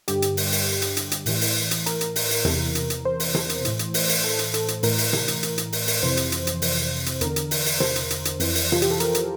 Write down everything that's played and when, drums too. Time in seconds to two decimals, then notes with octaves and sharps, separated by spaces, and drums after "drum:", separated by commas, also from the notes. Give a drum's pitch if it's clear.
0.08 G2 D3 G4, drum: hi-hat
0.22 drum: hi-hat
0.37 drum: open hi-hat
0.52 drum: open hi-hat
0.82 drum: hi-hat
0.97 drum: hi-hat
1.11 drum: hi-hat
1.26 A2 E3, drum: open hi-hat
1.41 drum: open hi-hat
1.71 drum: hi-hat
1.86 A#4, drum: hi-hat
2.01 drum: hi-hat
2.16 drum: open hi-hat
2.30 drum: open hi-hat
2.45 E2 C3 E3, drum: tom C3
2.75 drum: hi-hat
2.90 drum: hi-hat
3.05 C5
3.20 drum: open hi-hat
3.35 drum: tom C3
3.49 drum: hi-hat
3.65 A2 E3, drum: hi-hat
3.79 drum: hi-hat
3.94 drum: open hi-hat
4.09 drum: open hi-hat
4.24 A4
4.39 drum: hi-hat
4.54 A4, drum: hi-hat
4.68 drum: hi-hat
4.83 A2 E3 A#4, drum: open hi-hat
4.98 drum: open hi-hat
5.13 drum: tom C3
5.28 drum: hi-hat
5.43 drum: hi-hat
5.58 drum: hi-hat
5.72 drum: open hi-hat
5.87 drum: open hi-hat
6.03 F2 C3 E3 C5
6.17 drum: hi-hat
6.32 drum: hi-hat
6.47 drum: hi-hat
6.62 drum: open hi-hat
7.06 drum: hi-hat
7.21 E2 D3 A#4, drum: hi-hat
7.36 drum: hi-hat
7.51 drum: open hi-hat
7.66 drum: open hi-hat
7.80 C5, drum: tom C3
7.96 drum: hi-hat
8.10 drum: hi-hat
8.25 drum: hi-hat
8.40 F2 E3, drum: open hi-hat
8.55 drum: open hi-hat
8.72 F4, drum: tom C3
8.82 G4, drum: hi-hat
8.91 A4
9.00 A#4, drum: hi-hat
9.15 drum: hi-hat